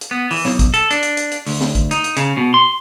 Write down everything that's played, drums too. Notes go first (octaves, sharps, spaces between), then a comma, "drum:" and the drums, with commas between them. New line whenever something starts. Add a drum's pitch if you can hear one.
drum: hi-hat
B3
E3, drum: open hi-hat
B1, drum: snare
drum: kick, hi-hat
A4, drum: hi-hat
D4, drum: hi-hat
drum: hi-hat
drum: hi-hat
drum: hi-hat
D2, drum: open hi-hat
drum: snare
drum: kick, hi-hat
D#4, drum: hi-hat
drum: hi-hat
C#3, drum: hi-hat
B2
C6